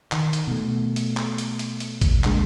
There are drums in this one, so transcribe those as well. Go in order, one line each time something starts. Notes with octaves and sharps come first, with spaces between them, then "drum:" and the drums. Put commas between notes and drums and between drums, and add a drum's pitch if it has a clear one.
D#3, drum: clap
drum: hi-hat
B2 A3
drum: hi-hat
drum: clap
drum: hi-hat
drum: hi-hat
drum: hi-hat
drum: kick, hi-hat
E1 A#2 D3 G#3, drum: clap